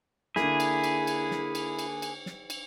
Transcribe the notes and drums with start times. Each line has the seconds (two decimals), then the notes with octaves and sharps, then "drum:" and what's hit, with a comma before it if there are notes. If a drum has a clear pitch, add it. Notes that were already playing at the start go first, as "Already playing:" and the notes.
0.36 D3 A#3 E4 G#4, drum: snare
0.60 drum: cymbal
0.84 drum: cymbal
1.07 drum: cymbal
1.31 drum: snare
1.55 drum: cymbal
1.79 drum: cymbal
2.02 drum: cymbal
2.26 drum: snare
2.50 drum: cymbal